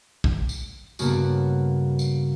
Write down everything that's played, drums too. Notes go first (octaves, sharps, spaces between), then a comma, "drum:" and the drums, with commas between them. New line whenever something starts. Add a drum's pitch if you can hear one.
drum: kick
drum: tambourine
G2 C#3 A#3 B3 F#4, drum: tambourine
drum: tambourine